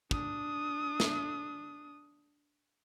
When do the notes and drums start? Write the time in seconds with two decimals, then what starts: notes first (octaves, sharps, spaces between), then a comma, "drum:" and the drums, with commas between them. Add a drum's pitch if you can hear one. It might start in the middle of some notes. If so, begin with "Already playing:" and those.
0.11 D4 D#6, drum: kick
1.00 drum: snare